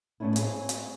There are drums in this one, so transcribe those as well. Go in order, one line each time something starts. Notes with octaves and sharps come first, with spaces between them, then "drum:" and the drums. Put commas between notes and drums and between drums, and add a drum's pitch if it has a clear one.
A2 A3 B3 C#4 D4 E4
C4 G#4 C#5 G#5, drum: hi-hat
drum: hi-hat